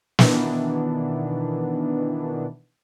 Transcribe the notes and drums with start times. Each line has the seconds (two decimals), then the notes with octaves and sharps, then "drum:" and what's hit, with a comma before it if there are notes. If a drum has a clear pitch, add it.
0.19 B2 D#3 E3 B3 D4, drum: snare